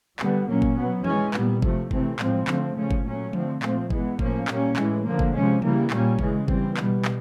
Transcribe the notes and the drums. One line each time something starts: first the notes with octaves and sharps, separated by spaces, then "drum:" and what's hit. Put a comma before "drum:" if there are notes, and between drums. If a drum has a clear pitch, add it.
D3 G3 B3, drum: clap
A#2 F#3 A#3 C#4
drum: kick G1
B2 F#3 B3
E3 G#3 C#4, drum: tom E3
A#2 G3 B3, drum: clap
C3 F3 A3, drum: kick G1
C3 E3 A3 C4, drum: kick G1
A2 F3 G#3 C4, drum: clap
D3 F3 A3 C4, drum: clap
C#3 F3 A3 C#4
drum: kick G1
A#2 F#3 A3 C#4
D3 F3 A3 C4, drum: tom E3
A#2 F3 A3 C4, drum: clap
E3 G#3 B3, drum: kick G1
A2 F3 A#3 C#4, drum: kick G1
A#2 G3 A#3 C#4, drum: clap
A2 E3 G#3, drum: clap
D3 F3 A#3
drum: kick G1
C3 F3 G#3 C#4
C#3 E3 G3 A#3, drum: tom E3
A#2 G3 A#3 C#4, drum: clap
C#3 E3 G#3, drum: kick G1
E3 G3 C4, drum: kick G1
B2 G3 B3, drum: clap
drum: clap